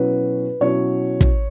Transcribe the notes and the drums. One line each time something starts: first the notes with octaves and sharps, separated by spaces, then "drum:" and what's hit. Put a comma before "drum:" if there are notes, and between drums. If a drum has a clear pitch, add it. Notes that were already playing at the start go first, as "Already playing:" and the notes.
Already playing: B2 F#3 C#4 E4 B4
B2 F#3 C#4 E4 C#5
drum: kick